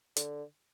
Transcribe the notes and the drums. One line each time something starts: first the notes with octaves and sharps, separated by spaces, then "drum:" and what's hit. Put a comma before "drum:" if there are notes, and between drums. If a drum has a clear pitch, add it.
D3, drum: hi-hat